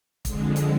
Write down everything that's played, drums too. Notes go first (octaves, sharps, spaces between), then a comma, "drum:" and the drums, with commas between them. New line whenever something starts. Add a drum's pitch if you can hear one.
F2 D3 G#3, drum: kick, hi-hat
drum: hi-hat